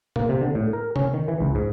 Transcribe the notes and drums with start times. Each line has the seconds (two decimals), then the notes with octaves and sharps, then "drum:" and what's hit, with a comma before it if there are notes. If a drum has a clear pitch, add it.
0.16 A#3, drum: tom
0.29 C3
0.41 D3
0.55 A2
0.73 A#4
0.96 C#4, drum: tom
1.14 D#3
1.28 E3
1.41 C#2
1.55 G#2